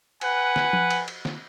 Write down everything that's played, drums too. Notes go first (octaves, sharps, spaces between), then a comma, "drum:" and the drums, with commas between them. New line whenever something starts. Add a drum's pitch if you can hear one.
B4 F#5 G#5, drum: cymbal
drum: snare
drum: tom F3
drum: cymbal
drum: cymbal
drum: snare